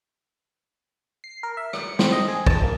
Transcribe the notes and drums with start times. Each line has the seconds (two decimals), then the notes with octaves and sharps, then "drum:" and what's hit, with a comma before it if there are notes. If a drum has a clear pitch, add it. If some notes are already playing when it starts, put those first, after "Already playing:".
1.24 C7
1.43 A#4
1.57 E5
1.73 C#7, drum: rim click
1.99 C4, drum: snare
2.12 D#5
2.28 G#4
2.47 A5, drum: kick
2.63 A#3